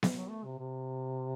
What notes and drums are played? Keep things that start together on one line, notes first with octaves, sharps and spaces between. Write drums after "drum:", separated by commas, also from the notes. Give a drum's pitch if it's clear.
drum: snare B3
F#3
A3
C3
C3